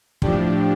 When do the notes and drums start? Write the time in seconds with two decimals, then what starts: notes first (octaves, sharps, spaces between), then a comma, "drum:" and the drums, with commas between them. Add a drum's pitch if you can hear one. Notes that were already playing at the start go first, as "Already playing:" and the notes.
0.22 A2 F3 D4 G4, drum: kick